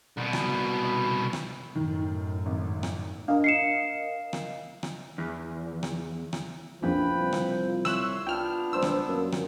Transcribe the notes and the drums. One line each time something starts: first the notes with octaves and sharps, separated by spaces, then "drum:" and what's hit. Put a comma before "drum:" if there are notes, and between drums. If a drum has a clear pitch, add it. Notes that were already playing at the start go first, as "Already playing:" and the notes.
C2 B2
drum: rim click
drum: rim click
F#2 A2 D#3
G#1
drum: rim click
D4 A#4 D#5 F5
C7 C#7 E7
drum: rim click
drum: rim click
E2
drum: rim click
drum: rim click
A#1 F2 C#3 E3 F3 B4 G5 B5
C2
drum: rim click
C#5 E5 C6 E6 F#6, drum: rim click
B3 D4 F4 G5 F6
A#1 G2 C5 E6
drum: rim click
F#2 A#3
drum: rim click